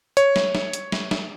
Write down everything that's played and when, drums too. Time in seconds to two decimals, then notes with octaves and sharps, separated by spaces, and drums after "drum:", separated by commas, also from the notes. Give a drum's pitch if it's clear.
0.17 C#5, drum: hi-hat
0.36 drum: snare
0.55 drum: snare
0.73 drum: hi-hat
0.92 drum: snare
1.11 drum: snare